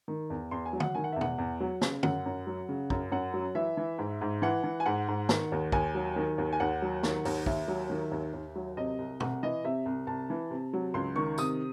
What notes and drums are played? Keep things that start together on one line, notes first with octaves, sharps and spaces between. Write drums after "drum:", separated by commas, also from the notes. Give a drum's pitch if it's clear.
D#3
E2
E2 C6
G#5
F#3
F#5, drum: tom
D#3 G#5
F#5
E2 E5
F#5, drum: tom B2
E2
F#3
C#3, drum: snare
F#2 F#5, drum: tom
F#2
F#3
C#3
F#2, drum: kick
F#2 F#5
F#3
E3 E5
E3
G#2
G#2
E3 F#5
E3
G#5
G#2 F#5
G#2
D#3, drum: snare
D#2
D#2 G#5, drum: kick
F#3
D#3
D#2
G#5
D#2 F#5
F#3
D#3, drum: snare
D#2, drum: open hi-hat
D#2 E5, drum: kick
F#3
D#3
D#2
D#2
F#3
C3 D#5
C2
C2 F#5, drum: tom B2
E3 D#5
C3 E5
C2
C2 A5
E3
C3
F#3
C#2 C6
D#3 C#6
C3 D#6, drum: tambourine